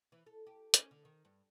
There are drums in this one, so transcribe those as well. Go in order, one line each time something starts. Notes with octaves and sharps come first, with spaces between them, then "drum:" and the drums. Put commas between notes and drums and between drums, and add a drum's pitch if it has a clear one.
E3
A4
G4
C#4, drum: hi-hat
D3
D#3
G2